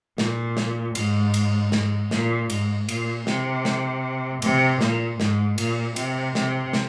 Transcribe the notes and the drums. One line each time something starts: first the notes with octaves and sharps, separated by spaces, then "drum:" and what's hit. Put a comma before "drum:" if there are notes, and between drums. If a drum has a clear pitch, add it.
A#2, drum: snare
drum: snare
G#2, drum: cymbal
drum: cymbal
G#2, drum: snare
A#2, drum: snare
G#2, drum: cymbal
A#2, drum: cymbal
C3, drum: snare
drum: snare
C3, drum: cymbal
A#2, drum: snare
G#2, drum: snare
A#2, drum: cymbal
C3, drum: cymbal
C3, drum: snare
drum: snare